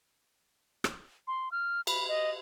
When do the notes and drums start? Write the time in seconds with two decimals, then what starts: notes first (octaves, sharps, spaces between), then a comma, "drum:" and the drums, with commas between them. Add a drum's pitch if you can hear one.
0.84 drum: rim click
1.28 C6
1.52 F6
1.87 B5, drum: cymbal
2.09 D#5